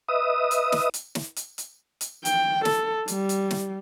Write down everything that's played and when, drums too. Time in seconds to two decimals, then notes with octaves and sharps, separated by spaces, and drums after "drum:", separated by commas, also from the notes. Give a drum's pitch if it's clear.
0.09 B4 D#5 E5 D#6
0.51 drum: hi-hat
0.72 drum: snare
0.94 drum: hi-hat
1.15 drum: snare
1.36 drum: hi-hat
1.58 drum: hi-hat
2.01 drum: hi-hat
2.25 G5, drum: hi-hat
2.65 A4, drum: snare
3.08 G3, drum: hi-hat
3.29 drum: hi-hat
3.51 drum: snare